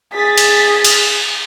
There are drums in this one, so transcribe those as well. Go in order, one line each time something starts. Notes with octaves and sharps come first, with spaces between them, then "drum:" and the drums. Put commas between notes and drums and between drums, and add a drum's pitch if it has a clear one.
G#4 A6 B6
drum: cymbal
drum: cymbal